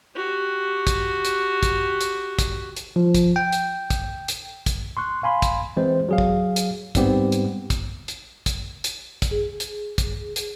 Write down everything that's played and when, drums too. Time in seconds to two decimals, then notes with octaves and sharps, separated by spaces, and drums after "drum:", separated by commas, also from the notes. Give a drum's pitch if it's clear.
0.15 F#4 G4
0.87 drum: kick, hi-hat
1.25 drum: hi-hat
1.63 drum: kick, hi-hat
2.01 drum: hi-hat
2.39 drum: kick, hi-hat
2.77 drum: hi-hat
2.96 F3
3.14 drum: kick, hi-hat
3.36 G5
3.52 drum: hi-hat
3.90 drum: kick, hi-hat
4.28 drum: hi-hat
4.66 drum: kick, hi-hat
4.97 C6 C#6 F#6
5.23 F5 G#5 B5 C6
5.42 drum: kick, hi-hat
5.77 E3 G#3 C4 C5
6.09 F#3 G#4 F5
6.18 drum: kick
6.56 drum: hi-hat
6.95 G#2 G3 B3 C4 G4, drum: kick, hi-hat
7.32 drum: hi-hat
7.70 drum: kick, hi-hat
8.08 drum: hi-hat
8.46 drum: kick, hi-hat
8.84 drum: hi-hat
9.22 drum: kick, hi-hat
9.31 G#4
9.60 drum: hi-hat
9.98 drum: kick, hi-hat
10.36 drum: hi-hat